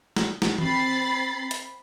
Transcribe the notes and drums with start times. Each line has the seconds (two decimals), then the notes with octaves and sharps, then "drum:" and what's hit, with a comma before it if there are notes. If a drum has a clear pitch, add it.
0.16 drum: snare
0.42 drum: snare
0.58 C4 B5 A6 C7, drum: tom D#3
1.51 drum: hi-hat